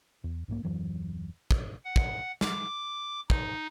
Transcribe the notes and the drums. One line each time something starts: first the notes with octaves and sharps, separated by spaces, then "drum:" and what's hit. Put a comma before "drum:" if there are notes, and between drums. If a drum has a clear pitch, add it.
E2
B1 G#2 G3 A#3
D#1 F#2 E3 F#3
drum: kick
F#5
drum: kick
D6, drum: snare
D#4, drum: kick